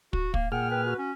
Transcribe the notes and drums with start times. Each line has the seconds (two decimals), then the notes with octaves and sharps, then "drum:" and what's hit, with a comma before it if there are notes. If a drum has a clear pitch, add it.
0.13 F#4, drum: kick
0.34 A#3 F5, drum: kick
0.52 A#2 G#4 F#5 G5 F6
0.71 B4 G5
0.85 F#4
0.98 C#4